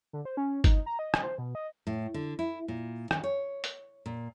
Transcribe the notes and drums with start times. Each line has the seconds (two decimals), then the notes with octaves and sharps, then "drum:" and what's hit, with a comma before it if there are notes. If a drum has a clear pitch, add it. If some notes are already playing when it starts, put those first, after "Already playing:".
0.13 D3
0.25 C5
0.37 C#4
0.64 D#4, drum: kick G1, hi-hat
0.86 A#5
0.99 D#5
1.14 drum: rim click
1.23 C5
1.38 B2
1.55 D#5
1.87 A2
2.14 D3
2.39 E4
2.68 A#2
3.11 D#3, drum: rim click
3.24 C#5
3.64 drum: hi-hat
4.06 A#2